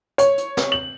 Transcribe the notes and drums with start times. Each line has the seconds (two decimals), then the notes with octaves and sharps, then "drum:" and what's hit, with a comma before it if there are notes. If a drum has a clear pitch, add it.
0.18 C#5, drum: hi-hat
0.38 drum: hi-hat
0.57 drum: snare
0.72 F#7